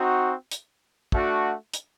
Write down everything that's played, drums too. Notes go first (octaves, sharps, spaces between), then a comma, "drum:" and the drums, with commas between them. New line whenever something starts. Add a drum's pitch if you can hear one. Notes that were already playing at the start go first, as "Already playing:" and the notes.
Already playing: C4 D#4 F#4
drum: hi-hat
A3 D4 F#4, drum: kick
drum: hi-hat